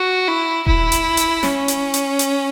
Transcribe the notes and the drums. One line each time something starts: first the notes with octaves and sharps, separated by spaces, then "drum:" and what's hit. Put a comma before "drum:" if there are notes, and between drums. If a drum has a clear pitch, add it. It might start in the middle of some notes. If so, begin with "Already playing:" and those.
Already playing: F#4
E4
E4, drum: kick D#1
drum: hi-hat
drum: hi-hat
C#4, drum: snare
drum: hi-hat
drum: hi-hat
drum: hi-hat